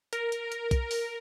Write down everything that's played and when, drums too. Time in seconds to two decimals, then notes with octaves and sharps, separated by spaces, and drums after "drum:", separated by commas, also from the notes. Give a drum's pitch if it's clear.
0.13 A#4, drum: hi-hat
0.32 drum: hi-hat
0.52 drum: hi-hat
0.71 drum: kick B1, hi-hat
0.91 drum: open hi-hat